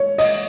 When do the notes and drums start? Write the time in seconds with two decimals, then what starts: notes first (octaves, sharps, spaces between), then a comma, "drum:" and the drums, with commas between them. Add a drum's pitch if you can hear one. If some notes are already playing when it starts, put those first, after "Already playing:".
Already playing: C#5
0.18 D#5, drum: open hi-hat